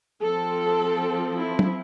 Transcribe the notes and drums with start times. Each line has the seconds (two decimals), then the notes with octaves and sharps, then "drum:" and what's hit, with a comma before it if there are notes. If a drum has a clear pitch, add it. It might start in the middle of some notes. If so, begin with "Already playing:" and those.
0.22 F3 C4 A4
1.37 E4
1.59 drum: tom F#3